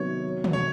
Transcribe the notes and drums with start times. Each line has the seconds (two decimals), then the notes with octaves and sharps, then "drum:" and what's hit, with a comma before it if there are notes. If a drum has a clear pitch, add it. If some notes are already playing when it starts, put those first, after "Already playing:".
Already playing: C3 D#3 F#3 B3 C#5
0.44 drum: tom
0.53 C#5